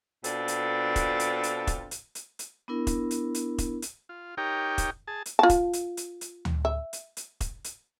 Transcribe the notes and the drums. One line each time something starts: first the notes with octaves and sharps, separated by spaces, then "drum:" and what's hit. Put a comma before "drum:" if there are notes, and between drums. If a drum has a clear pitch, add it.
B2 C4 D4 F4 A4, drum: hi-hat
drum: hi-hat
drum: kick E1, hi-hat
drum: hi-hat
drum: hi-hat
drum: kick E1, hi-hat
drum: hi-hat
drum: hi-hat
drum: hi-hat
B3 D4 E4 A#4
drum: kick E1, hi-hat
drum: hi-hat
drum: hi-hat
drum: kick E1, hi-hat
drum: hi-hat
F4
D#4 G4 A#4 C#5 G5
drum: kick E1, hi-hat
G#4 A5
drum: hi-hat
F4 A5
drum: kick E1, hi-hat
drum: hi-hat
drum: hi-hat
drum: hi-hat
drum: tom D2
E5
drum: hi-hat
drum: hi-hat
drum: kick E1, hi-hat
drum: hi-hat